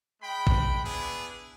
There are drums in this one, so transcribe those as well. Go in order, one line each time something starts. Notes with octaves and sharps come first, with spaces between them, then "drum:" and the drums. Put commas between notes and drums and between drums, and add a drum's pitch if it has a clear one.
G#3 G5 B5
drum: kick A1
B3 D4 E4 G#4